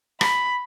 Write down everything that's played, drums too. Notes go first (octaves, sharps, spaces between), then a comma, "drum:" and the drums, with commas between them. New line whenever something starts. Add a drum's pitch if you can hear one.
B5, drum: rim click